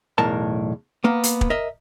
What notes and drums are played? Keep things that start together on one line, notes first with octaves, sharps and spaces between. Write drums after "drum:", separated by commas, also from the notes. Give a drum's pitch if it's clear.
B1 E2 A2 A#4 A5
A#3 B3
drum: hi-hat
drum: kick
A#4 D#5 E5